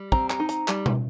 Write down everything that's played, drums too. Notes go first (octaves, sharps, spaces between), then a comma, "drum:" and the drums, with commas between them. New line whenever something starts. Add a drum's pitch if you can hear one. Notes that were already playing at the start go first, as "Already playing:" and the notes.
Already playing: G3
C4 A#5, drum: kick
A#5, drum: clap
D#4
A#5, drum: hi-hat
G3, drum: clap
drum: tom B2